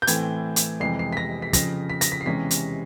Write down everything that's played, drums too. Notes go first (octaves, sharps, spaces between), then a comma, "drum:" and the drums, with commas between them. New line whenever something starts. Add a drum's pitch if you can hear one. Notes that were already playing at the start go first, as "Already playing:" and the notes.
G6
A2 E3 A3 C4 G#6, drum: hi-hat
drum: hi-hat
F2 C3 E3 G#3 C7
C7
B6
A#6
B6
F2 C#3 F3 A#6, drum: kick, hi-hat
B6
A#6, drum: hi-hat
B6
C7
E2 C3 E3 G#3 C#4 B6
drum: hi-hat